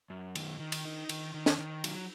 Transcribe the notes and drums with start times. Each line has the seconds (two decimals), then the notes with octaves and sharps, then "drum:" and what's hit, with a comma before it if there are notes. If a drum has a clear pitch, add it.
0.10 F#2
0.35 D#3, drum: cymbal
0.60 D#3
0.72 drum: cymbal
0.85 D#4
1.09 D#3, drum: cymbal
1.34 D#3
1.46 drum: snare
1.58 D#3
1.84 F#3, drum: cymbal